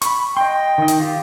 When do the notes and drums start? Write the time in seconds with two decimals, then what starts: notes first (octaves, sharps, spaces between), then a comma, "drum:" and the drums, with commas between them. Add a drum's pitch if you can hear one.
0.02 B5 C#6, drum: hi-hat
0.37 D#5 G5 C6
0.78 D#3 D#5
0.88 drum: hi-hat
1.00 F4 G4